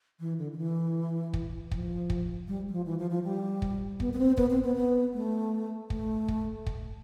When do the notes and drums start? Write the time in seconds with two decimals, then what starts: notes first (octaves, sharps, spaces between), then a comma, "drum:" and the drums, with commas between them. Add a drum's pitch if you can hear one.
0.20 E3
0.38 D3
0.52 D3
0.57 E3
1.34 drum: kick
1.71 F3, drum: kick
2.10 drum: kick
2.48 G3
2.68 G3
2.73 F3
2.86 E3
2.99 F3
3.11 F3
3.24 G3
3.62 drum: kick
4.00 B3, drum: kick
4.13 B3
4.19 C4
4.37 B3, drum: kick
4.50 C4
4.64 B3
4.76 B3
5.14 A3
5.90 A3, drum: kick
6.28 drum: kick
6.66 drum: kick